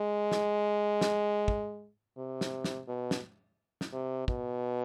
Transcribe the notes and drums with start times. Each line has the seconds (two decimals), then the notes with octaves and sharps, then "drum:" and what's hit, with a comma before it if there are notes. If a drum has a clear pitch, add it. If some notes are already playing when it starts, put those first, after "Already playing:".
Already playing: G#3
0.32 drum: snare
1.01 drum: snare
1.48 drum: kick
2.18 C3
2.41 drum: snare
2.64 drum: snare
2.88 B2
3.11 drum: snare
3.81 drum: snare
3.93 C3
4.28 B2, drum: kick